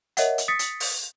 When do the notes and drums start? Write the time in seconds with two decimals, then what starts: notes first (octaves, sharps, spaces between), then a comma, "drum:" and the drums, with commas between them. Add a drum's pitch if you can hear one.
0.17 A#4 C#5 D#5 E5 F#5, drum: hi-hat
0.38 drum: hi-hat
0.48 D#6 A6 B6 C#7
0.59 drum: hi-hat
0.80 drum: open hi-hat